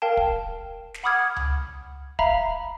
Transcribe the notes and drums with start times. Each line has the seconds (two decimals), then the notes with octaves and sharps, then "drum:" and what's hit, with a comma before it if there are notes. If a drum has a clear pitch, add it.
0.02 A#4 F5 G5 A5
0.17 drum: kick
0.94 drum: snare
1.03 F#5 B5 D6 D#6 F6 G#6
1.36 drum: tom C#2
2.19 E5 F5 A#5 B5, drum: kick